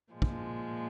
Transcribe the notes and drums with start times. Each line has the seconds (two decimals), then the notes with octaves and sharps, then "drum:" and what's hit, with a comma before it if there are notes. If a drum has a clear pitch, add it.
0.12 A#2 F3 G#3
0.22 drum: kick